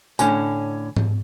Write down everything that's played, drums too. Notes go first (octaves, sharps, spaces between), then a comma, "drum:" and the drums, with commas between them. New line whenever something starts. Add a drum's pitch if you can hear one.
A2 D3 C#4 G#5, drum: tambourine
drum: tom G#2